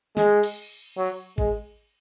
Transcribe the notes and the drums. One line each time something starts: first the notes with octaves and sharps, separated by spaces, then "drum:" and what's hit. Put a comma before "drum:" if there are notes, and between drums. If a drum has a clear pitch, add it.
G#3, drum: snare
drum: cymbal
F#3
G#3, drum: kick G#1